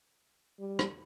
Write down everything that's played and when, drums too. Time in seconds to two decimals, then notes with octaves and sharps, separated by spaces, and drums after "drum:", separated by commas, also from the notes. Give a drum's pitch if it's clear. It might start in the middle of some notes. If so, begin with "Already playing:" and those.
0.60 G3
0.79 drum: rim click